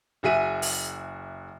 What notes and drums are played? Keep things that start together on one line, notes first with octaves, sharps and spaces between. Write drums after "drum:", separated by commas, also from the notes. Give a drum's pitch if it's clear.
F#1 F#4 G#4 E5 D#7
drum: open hi-hat